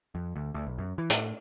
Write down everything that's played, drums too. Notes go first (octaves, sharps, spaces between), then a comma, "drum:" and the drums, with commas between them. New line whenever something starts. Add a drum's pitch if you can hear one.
F2
D2
D2
B1
F#2
E3
A2, drum: hi-hat